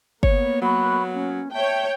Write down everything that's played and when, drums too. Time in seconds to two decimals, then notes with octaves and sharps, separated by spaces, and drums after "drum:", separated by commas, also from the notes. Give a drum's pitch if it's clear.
0.23 A#3 B3 C#5, drum: kick G1
0.62 F#3 B5 C#6 F#6
1.11 C#4
1.53 C#5 E5 G5 A5